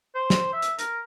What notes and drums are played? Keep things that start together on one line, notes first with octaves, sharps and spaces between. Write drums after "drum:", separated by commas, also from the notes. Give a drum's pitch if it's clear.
C5
drum: snare
E5
drum: hi-hat
A#4, drum: hi-hat